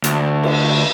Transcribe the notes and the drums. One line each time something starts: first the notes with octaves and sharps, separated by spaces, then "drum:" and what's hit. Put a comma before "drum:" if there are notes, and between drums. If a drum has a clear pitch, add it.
D2, drum: hi-hat
drum: cymbal